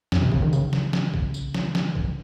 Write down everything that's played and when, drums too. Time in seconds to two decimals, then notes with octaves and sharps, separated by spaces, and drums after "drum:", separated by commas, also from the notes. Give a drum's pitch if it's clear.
0.12 F#2, drum: snare
0.22 C3
0.32 C#3, drum: kick
0.42 D#3
0.53 C#3, drum: tambourine
0.73 drum: snare
0.93 drum: snare
1.14 drum: kick
1.34 drum: tambourine
1.54 drum: snare
1.75 drum: snare
1.95 drum: kick